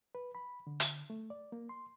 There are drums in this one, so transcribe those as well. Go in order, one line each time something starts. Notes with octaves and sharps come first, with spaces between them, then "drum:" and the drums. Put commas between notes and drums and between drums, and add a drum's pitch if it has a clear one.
B4
B5
D3
drum: hi-hat
A3
D5
A#3
C6